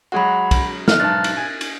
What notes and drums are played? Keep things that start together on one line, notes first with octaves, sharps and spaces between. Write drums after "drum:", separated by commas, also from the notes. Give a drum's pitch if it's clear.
F#3 G#3 F#4 F#5 B5
drum: kick, cymbal
F6 F#6, drum: snare
B1 G#2 A5 F#6 A6
drum: cymbal
G#5
drum: cymbal